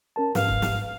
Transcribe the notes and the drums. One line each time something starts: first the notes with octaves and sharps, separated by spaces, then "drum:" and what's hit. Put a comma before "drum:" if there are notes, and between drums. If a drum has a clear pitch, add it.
C#4 A#4 A5
G#2 B4 F5 F6, drum: snare
drum: kick
drum: snare